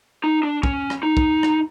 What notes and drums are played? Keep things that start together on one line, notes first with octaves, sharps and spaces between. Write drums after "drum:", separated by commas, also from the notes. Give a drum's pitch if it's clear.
D#4
D4
C#4, drum: kick
drum: rim click
D#4
drum: kick
drum: rim click